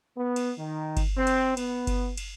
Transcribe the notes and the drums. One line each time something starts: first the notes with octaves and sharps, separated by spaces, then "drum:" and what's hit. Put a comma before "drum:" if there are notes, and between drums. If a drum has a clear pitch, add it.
B3
drum: cymbal
D#3
drum: kick G1, cymbal
C4
drum: cymbal
B3, drum: cymbal
drum: kick G1, cymbal
drum: cymbal